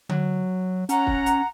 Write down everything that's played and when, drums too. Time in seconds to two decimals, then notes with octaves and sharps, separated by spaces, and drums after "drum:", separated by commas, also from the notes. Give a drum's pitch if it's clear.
0.09 F#3, drum: tom D3
0.89 C#4 F#5 A#5, drum: hi-hat
1.07 drum: kick
1.26 drum: hi-hat